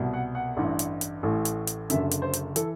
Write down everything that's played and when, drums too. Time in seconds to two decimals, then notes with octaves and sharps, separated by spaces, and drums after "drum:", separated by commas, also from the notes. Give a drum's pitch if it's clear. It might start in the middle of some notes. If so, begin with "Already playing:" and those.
Already playing: C2 B2
0.13 F#5
0.35 F#5
0.57 A1 G2 E3
0.79 drum: hi-hat
1.01 drum: hi-hat
1.23 A1 A2 E3
1.45 drum: hi-hat
1.67 drum: hi-hat
1.90 F#1 F#2 D3 E5, drum: hi-hat
2.11 drum: hi-hat
2.22 C5
2.33 drum: hi-hat
2.56 E3 A4, drum: hi-hat